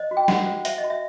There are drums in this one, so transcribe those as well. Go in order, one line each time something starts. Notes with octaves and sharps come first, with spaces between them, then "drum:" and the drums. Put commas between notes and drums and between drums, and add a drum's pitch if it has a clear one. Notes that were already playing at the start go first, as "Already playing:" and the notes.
Already playing: C5 D#5
F#4
G5
F#4 F#5, drum: snare
C5
C5 E5, drum: hi-hat
D#5
F#4
E5